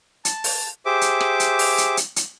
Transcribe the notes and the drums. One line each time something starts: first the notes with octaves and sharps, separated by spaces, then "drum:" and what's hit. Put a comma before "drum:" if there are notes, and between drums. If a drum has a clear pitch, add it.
A5, drum: hi-hat
drum: open hi-hat
G4 G#4 C5 E5 D6
drum: hi-hat
drum: rim click
drum: hi-hat
drum: open hi-hat
drum: hi-hat
drum: hi-hat
drum: hi-hat